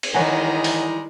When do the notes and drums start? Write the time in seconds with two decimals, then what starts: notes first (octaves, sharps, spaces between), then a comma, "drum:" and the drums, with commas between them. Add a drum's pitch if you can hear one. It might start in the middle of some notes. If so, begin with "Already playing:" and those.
0.03 drum: cymbal
0.14 D#3 E3 G3 G#3 C#5 F#5 G#5 A#5
0.64 drum: open hi-hat